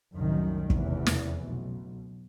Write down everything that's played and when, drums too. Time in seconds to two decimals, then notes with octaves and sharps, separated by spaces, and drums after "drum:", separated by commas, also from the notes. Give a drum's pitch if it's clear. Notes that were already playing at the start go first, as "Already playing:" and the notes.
0.14 C2 F#2 A2 D#3
0.70 F1 E2 C#3 E3, drum: kick
1.06 drum: snare
1.45 B1